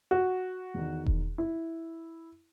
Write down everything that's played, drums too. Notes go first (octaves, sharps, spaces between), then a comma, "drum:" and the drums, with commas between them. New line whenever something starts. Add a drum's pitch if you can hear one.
F#4
E2 D#3
drum: kick E1
E4